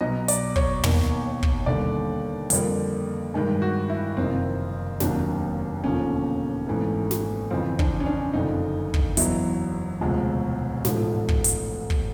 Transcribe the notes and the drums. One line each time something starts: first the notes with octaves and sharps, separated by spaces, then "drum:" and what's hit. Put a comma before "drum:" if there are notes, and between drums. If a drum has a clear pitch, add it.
B1 B2 F#3 D#5
D5, drum: hi-hat
C#5, drum: kick
E1 D#2 D#3, drum: tom
drum: kick
D#2 D3 G3 D5
F2 D3 G3 A#3, drum: hi-hat
G2 D#3 G#3
F#4
E4
F#1 F2 C3 D#3 C4
F1 D#2 D#3 F#3 D4, drum: snare
E1 D#2 D3 F3 C#4
G#1 G#2 E3 A3
drum: snare
F2 C#3 E3 C4
D4, drum: kick
C#4
D4
F#1 F2 D3 D#4
drum: kick
E1 E2 B2 F#3 E4, drum: hi-hat
E1 D2 C3 F3 G#3
A1 G#2 F3 A3, drum: snare
drum: kick
drum: hi-hat
drum: kick